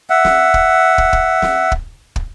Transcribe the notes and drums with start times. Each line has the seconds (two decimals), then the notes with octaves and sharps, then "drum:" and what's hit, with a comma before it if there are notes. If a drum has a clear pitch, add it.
0.10 E5 F#5
0.24 drum: snare
0.54 drum: kick
0.98 drum: kick
1.13 drum: kick
1.42 drum: snare
1.72 drum: kick
2.16 drum: kick